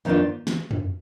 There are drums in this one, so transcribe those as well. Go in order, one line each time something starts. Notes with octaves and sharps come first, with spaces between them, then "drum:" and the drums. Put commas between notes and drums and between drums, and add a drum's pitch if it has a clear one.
F2 D#3 A#3 D4 F4
drum: snare
drum: tom F2